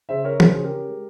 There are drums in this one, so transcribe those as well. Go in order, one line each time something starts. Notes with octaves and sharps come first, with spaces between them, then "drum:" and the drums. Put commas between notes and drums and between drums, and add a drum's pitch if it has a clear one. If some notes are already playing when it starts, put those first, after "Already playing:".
C#3 C5 E5
C#4 A#4 C#5
C#3 G#4 C5, drum: tom E3
C#4
G4 A#4
C#4
G#3